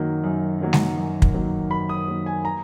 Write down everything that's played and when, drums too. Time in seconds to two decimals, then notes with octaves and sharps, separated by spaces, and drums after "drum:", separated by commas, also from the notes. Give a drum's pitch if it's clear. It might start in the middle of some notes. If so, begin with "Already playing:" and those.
Already playing: F#2 D#3 F#3 A#3
0.24 F#2
0.61 D#3 F#3 A#3
0.73 drum: snare G#3
0.97 F#2
1.22 drum: kick
1.34 D#3 F#3 A#3
1.71 F#2 B5
1.89 D#6
2.08 D#3 F#3 A#3
2.26 G#5
2.45 A#5